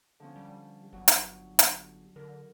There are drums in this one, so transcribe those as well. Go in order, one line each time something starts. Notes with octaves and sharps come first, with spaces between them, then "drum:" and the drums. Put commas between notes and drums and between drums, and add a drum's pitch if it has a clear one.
D3 F3 C#4
G3
G1 F#3 F#4
drum: hi-hat
drum: hi-hat
D3 A#4